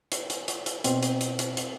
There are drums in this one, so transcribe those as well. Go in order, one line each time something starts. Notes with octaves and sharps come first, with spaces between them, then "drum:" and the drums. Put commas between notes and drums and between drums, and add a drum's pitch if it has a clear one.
drum: hi-hat
drum: hi-hat
drum: hi-hat
drum: hi-hat
B2 C4, drum: hi-hat
drum: hi-hat
drum: hi-hat
drum: hi-hat
drum: hi-hat